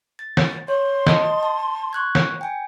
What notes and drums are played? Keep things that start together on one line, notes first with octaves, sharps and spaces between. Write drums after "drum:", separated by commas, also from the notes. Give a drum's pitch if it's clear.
A6
drum: snare
C#5 C6
D#5 A5 D#6, drum: snare
A5
C#6 F#6 G#6
drum: snare
G5 G#5